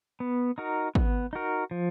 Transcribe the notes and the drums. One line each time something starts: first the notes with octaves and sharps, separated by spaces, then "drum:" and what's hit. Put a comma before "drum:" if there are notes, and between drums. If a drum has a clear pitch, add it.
B3
D#4 F#4 A#4
B3, drum: kick
D#4 F#4 A#4
F3